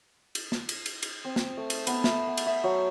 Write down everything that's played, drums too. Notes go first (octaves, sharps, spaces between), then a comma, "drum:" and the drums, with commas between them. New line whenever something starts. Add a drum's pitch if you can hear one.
drum: cymbal
drum: snare
drum: cymbal
drum: cymbal
drum: cymbal
C4
drum: snare
A3
drum: cymbal
B3, drum: cymbal
E5, drum: snare
B3
drum: cymbal
E5
F#3